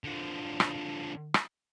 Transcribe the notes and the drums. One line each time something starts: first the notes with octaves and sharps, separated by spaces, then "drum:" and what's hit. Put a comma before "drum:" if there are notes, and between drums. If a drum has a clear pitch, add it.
D3 F3
drum: rim click
drum: rim click